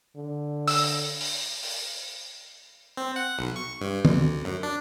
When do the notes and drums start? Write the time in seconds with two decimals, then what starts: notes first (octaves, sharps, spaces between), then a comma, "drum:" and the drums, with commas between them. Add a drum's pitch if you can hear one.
0.17 D3
0.68 E6, drum: open hi-hat
1.21 drum: open hi-hat
1.63 drum: open hi-hat
2.97 C4
3.16 F#5
3.39 B1
3.56 C#6
3.81 G2
4.05 D2, drum: tom
4.45 F#2
4.63 D4